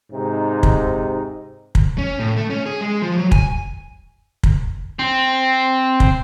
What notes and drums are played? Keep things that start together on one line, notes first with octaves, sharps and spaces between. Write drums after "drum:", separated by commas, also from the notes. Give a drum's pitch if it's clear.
G#2 C3 D#4
drum: kick
drum: kick
C#4
A2
A3
C#4
G#4
G#3
F3
F#3
G#5, drum: kick
drum: kick
C4
drum: kick